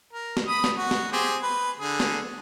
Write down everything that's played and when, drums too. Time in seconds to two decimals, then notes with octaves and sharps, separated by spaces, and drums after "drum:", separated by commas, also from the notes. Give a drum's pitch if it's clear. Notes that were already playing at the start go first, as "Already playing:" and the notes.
0.13 A#4
0.37 drum: snare
0.47 B5 D#6
0.64 drum: snare
0.77 F#4
0.91 drum: snare
1.12 C4 G4 G#4
1.42 B4
1.79 D3 G#4
2.00 drum: snare